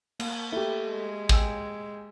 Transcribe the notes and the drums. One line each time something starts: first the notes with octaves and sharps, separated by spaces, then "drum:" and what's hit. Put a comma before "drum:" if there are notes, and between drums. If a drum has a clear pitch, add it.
A#3, drum: cymbal
A3 E4 G4
G#3
G5 G#5 E6, drum: kick